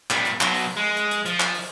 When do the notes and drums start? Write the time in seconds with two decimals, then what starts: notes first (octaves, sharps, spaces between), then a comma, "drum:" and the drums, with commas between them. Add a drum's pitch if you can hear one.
0.10 A#2 G3, drum: clap
0.25 drum: hi-hat
0.41 B2 F#3, drum: clap
0.54 drum: open hi-hat
0.77 G#3
0.97 drum: hi-hat
1.11 drum: hi-hat
1.26 F3, drum: hi-hat
1.40 drum: clap
1.54 drum: open hi-hat